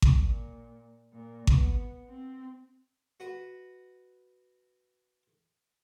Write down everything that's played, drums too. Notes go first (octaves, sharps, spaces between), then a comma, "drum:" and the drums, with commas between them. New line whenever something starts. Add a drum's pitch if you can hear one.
drum: kick G#1
A#2
A#2
B3, drum: kick G#1
C4
F#4 B4